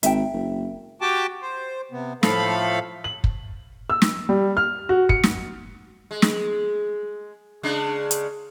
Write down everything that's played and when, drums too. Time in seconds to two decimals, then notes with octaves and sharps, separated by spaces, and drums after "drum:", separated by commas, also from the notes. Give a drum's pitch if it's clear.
0.03 G#1 E5 G5, drum: hi-hat
0.33 F#1
1.01 F#4 G4 G5 A5 D6
1.42 C5
1.92 C3 B3
2.23 A2 F3 A3 A4 F5 B5, drum: snare
3.04 F#7
3.24 drum: kick
3.90 E6
4.02 drum: snare
4.29 G3
4.57 F6
4.89 F#4
5.09 C#7, drum: kick
5.23 drum: snare
6.11 G#3
6.22 drum: snare
7.63 C#3 G#3 D4
8.11 drum: hi-hat